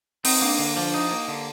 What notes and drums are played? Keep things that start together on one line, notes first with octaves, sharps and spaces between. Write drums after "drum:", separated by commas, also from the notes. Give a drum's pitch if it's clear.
C4 D#4, drum: open hi-hat
A#3 D4
D3 D4
F3 D4
D#4
A#3
D3